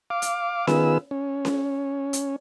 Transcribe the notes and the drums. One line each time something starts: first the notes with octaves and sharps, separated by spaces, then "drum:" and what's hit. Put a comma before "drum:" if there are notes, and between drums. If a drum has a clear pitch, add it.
F5 D6
drum: hi-hat
D#3 B3 F4 G#4 B4 E6, drum: snare C#4
C#4
drum: snare C#4
drum: hi-hat